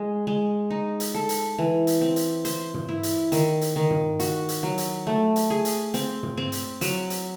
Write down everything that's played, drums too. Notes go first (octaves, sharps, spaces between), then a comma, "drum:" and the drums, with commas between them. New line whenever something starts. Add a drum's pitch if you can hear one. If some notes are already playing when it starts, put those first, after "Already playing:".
Already playing: G#3
G#3
D#4
drum: hi-hat
A4
drum: hi-hat
E3
drum: hi-hat
C4
drum: hi-hat
C5, drum: hi-hat
drum: tom
E4
drum: hi-hat
D#3, drum: hi-hat
drum: hi-hat
D#3
drum: tom
F#4, drum: hi-hat
drum: hi-hat
F#3
drum: hi-hat
A3
drum: hi-hat
G#4
drum: hi-hat
C4, drum: hi-hat
drum: tom
C4
drum: hi-hat
F#3, drum: hi-hat
drum: hi-hat